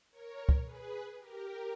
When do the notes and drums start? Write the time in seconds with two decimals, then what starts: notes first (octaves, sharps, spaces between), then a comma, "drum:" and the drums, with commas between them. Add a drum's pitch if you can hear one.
0.11 A#4 C#5
0.49 drum: kick
0.64 G#4 B4
1.18 G4 A#4